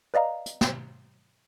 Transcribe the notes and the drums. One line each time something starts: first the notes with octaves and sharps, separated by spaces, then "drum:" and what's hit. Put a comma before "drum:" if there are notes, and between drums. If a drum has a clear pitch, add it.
B4 D5 D#5 F5 A#5
drum: hi-hat
drum: snare